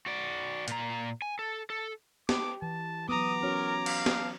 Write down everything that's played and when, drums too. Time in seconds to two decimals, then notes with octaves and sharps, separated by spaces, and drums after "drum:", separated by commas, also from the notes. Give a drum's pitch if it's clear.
0.06 F#4 D5
0.68 A#2 A#5, drum: hi-hat
1.22 G#5
1.39 A4
1.70 A4
2.29 G4 D6, drum: snare
2.62 E3 A5
3.09 F#3 B3 A#5 D6 D#6
3.43 C#4 F#4 A#4 C#5
3.86 F5, drum: cymbal
4.06 drum: snare